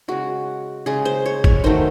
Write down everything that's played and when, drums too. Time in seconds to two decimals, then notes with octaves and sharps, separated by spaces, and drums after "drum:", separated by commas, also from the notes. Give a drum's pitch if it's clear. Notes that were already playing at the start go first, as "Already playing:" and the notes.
0.08 C#3 G#3 F#4
0.86 C#3 G#3 G#4
1.05 C5
1.26 C#5
1.44 C#5, drum: kick G1
1.64 D#3 F#3 A3 C5